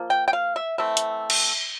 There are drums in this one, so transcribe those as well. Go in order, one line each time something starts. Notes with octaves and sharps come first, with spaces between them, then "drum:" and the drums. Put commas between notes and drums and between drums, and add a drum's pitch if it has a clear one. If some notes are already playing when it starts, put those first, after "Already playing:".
Already playing: F3 A#3
G5
G5
F5
E5
E3 A3 C4 E5
drum: hi-hat
drum: cymbal